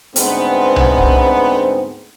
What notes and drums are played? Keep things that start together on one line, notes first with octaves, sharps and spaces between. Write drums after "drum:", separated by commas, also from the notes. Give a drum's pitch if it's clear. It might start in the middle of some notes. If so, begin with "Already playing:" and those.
D2 G#2 B3 C4, drum: hi-hat
drum: tom C2
drum: kick